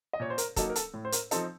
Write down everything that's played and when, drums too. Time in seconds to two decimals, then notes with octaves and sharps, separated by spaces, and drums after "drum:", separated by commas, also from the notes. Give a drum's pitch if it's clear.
0.13 D#5
0.20 A#2 C#5
0.30 C5
0.38 A#4, drum: hi-hat
0.56 F#3 A#3 D#4 A4, drum: kick, hi-hat
0.70 A#4
0.76 A4, drum: hi-hat
0.94 A2
1.05 C5
1.12 A#4, drum: hi-hat
1.31 F3 C4 D#4 A4, drum: hi-hat